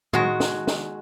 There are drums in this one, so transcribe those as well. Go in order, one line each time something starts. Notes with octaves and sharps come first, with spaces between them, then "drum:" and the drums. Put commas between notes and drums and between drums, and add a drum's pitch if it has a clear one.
D#3 G#3 F#4, drum: tom A2
drum: snare
drum: snare